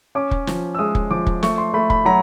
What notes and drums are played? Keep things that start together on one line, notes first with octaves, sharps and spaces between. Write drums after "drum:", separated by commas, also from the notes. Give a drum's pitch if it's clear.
C#4 D6
drum: kick
F3, drum: snare
E6
G#3 D#6
drum: kick
F3 D6
drum: kick
A3 C#6, drum: snare
C6
A3 B5
B5, drum: kick
F#3 A#5